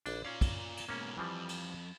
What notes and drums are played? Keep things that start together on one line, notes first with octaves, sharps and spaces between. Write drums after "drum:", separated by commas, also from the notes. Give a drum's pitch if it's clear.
A#1 D4, drum: cymbal
C#4 F4 D5 F5
drum: kick, cymbal
drum: cymbal
G#2 B2 A#3 C#4
F2 E3 F3 G3
drum: cymbal